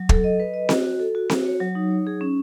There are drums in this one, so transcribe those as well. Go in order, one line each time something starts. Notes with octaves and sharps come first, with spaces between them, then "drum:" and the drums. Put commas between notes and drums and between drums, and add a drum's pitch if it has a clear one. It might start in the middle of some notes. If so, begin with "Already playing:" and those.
Already playing: F#3
A4, drum: kick
D#5
B4
D#5
F#4, drum: snare C4
F#4
A4
F#4
F#4, drum: snare C4
C#5
F#3
D#4
C#5
G#4
C#4